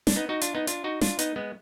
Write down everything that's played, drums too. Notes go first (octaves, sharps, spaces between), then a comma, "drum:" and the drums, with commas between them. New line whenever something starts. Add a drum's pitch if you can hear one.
D4, drum: snare
B3 D#4
D#4 F#4
D4 F4, drum: hi-hat
B3 D#4
D4 F4, drum: hi-hat
D#4 F#4
D4 F4, drum: snare
B3 D#4, drum: hi-hat
G#3 B3